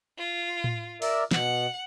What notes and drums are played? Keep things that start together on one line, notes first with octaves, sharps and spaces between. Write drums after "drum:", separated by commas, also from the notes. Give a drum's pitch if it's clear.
F4
drum: tom A2
A#4 D5 E5, drum: open hi-hat
B2 F#5, drum: snare